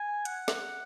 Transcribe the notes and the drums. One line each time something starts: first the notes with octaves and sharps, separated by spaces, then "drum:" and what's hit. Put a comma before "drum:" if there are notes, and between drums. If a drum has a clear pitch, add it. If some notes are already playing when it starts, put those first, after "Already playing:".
Already playing: G#5
F#5, drum: hi-hat
drum: snare